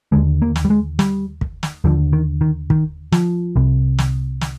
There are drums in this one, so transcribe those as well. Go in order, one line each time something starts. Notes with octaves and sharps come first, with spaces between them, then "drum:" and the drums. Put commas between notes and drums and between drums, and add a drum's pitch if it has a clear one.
D#2 D3 G#3
A#3
drum: snare
G3
G#3
G3, drum: snare
drum: kick
drum: snare
D#2 D3 F3
D#3
D#3
D#3, drum: kick
F3, drum: snare
C2 C3
drum: snare
drum: snare